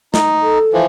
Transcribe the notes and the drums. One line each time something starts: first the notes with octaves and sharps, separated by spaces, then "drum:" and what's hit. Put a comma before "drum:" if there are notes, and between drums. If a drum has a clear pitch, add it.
D#4, drum: snare
A4
E3 F3